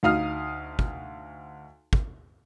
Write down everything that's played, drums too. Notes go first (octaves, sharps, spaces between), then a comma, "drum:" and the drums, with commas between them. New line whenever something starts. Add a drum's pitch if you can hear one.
D2 D#4 F5 D#6 F6
drum: kick
drum: kick